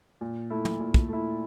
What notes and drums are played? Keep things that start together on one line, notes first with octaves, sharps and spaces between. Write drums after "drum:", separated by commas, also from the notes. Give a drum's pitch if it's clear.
A#2
A3 E4
drum: tom
A#2
drum: kick
A3 E4